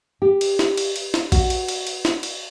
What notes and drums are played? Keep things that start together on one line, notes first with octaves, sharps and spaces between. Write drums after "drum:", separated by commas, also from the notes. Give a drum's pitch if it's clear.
G4
drum: cymbal
drum: snare
drum: cymbal
drum: cymbal
drum: snare
F#4, drum: kick A#1, cymbal
drum: cymbal
drum: cymbal
drum: cymbal
drum: snare
drum: cymbal